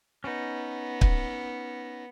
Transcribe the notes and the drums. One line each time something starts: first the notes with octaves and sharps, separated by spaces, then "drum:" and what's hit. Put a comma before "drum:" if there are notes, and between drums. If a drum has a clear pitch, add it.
B3 C#4 D#4
drum: kick